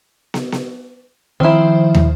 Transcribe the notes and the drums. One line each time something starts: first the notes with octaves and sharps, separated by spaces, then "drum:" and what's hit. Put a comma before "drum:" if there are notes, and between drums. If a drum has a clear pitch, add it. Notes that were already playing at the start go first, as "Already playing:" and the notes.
drum: snare
drum: snare
D#3 F3 C4 E4 C5
drum: tom